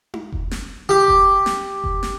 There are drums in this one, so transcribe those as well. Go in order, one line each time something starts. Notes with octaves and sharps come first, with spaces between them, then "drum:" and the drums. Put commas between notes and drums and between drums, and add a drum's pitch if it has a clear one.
drum: tom D#4
drum: kick F1
drum: snare
G4
drum: kick F1
drum: snare
drum: kick F1
drum: snare